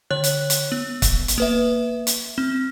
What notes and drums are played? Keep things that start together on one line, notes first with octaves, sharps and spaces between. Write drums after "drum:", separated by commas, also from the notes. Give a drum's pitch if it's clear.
D3 C#5 F#6
drum: hi-hat
drum: hi-hat
B3
drum: kick, hi-hat
drum: hi-hat
A#3 B4 E5
drum: hi-hat
C4